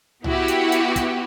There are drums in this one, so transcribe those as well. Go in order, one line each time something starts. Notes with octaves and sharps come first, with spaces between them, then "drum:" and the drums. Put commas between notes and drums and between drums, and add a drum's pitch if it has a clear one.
B3 E4 F#4 G4, drum: tom C2
drum: hi-hat
drum: hi-hat
drum: kick, hi-hat